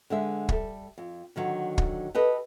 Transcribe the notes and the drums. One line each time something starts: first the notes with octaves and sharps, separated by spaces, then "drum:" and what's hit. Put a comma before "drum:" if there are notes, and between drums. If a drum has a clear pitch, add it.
D3 G#3 E5
G3 A4, drum: kick
F2
D3 D#3 F#3
drum: kick
G4 A4 B4 D#5